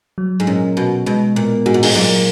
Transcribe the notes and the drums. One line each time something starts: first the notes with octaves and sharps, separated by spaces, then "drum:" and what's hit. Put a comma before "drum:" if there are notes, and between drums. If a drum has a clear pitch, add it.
F#3
G#2
A#2 C#4
B2 F#4
B2 G#3
A#2 B3
G#2 F#4
A#2
G#2, drum: open hi-hat
A#2 F#3